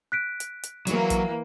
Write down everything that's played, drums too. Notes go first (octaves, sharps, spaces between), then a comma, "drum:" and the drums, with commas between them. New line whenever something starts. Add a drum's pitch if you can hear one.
F#6 B6 D7
drum: hi-hat
drum: hi-hat
E3 F#3 A#3, drum: hi-hat
drum: kick, hi-hat